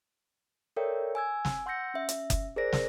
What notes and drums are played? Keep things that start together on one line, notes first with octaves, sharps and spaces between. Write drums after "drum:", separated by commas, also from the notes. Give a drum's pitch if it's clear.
A4 A#4 C#5 D5 E5 G5
G#5 E6 G#6
drum: snare
F#5 C6 E6 G6 A#6 C#7
C#4 E5
drum: hi-hat
drum: kick F#1, hi-hat
G#4 A#4 C5 D5 A#6 D7
drum: snare